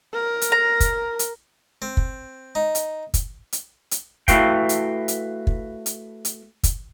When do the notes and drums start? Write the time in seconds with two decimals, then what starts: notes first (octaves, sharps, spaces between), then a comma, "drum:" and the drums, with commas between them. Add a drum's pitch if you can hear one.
0.13 A#4
0.42 drum: hi-hat
0.52 A#5
0.80 drum: kick, hi-hat
1.19 drum: hi-hat
1.82 C4
1.97 drum: kick
2.55 D#4
2.75 drum: hi-hat
3.14 drum: kick, hi-hat
3.52 drum: hi-hat
3.91 drum: hi-hat
4.28 A3 E4 F#4 B4 F5 G5, drum: kick, hi-hat
4.69 drum: hi-hat
5.08 drum: hi-hat
5.47 drum: kick
5.86 drum: hi-hat
6.25 drum: hi-hat
6.63 drum: kick, hi-hat